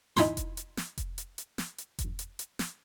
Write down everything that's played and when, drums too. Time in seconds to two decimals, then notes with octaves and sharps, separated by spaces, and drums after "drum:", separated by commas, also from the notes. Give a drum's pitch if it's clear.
0.17 D#4 E4 G#5 B5 C6, drum: snare
0.37 drum: kick F1, hi-hat
0.57 drum: hi-hat
0.77 drum: snare
0.98 drum: kick F1, hi-hat
1.18 drum: hi-hat
1.38 drum: hi-hat
1.58 drum: snare
1.78 drum: hi-hat
1.99 drum: kick F1, hi-hat
2.19 drum: hi-hat
2.39 drum: hi-hat
2.59 drum: snare